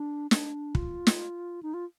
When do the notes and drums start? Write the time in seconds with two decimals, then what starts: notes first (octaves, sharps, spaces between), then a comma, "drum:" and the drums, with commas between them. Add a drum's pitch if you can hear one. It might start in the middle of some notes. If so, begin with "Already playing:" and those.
Already playing: D4
0.31 D4, drum: snare
0.75 F4, drum: kick
1.07 drum: snare
1.63 D#4
1.74 F4